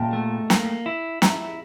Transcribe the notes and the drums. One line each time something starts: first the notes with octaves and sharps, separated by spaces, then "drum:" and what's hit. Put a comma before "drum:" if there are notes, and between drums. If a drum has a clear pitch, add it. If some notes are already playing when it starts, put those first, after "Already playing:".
Already playing: A#2 G5 A5
A3
A#3, drum: snare
E4
E4 A#5, drum: snare